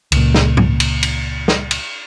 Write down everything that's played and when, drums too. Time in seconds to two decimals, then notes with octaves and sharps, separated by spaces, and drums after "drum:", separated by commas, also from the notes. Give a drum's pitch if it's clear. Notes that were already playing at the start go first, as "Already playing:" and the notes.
0.12 C#2 A#2, drum: cymbal
0.35 drum: snare
0.57 drum: tom
0.80 drum: cymbal
1.03 drum: cymbal
1.48 drum: snare
1.71 drum: cymbal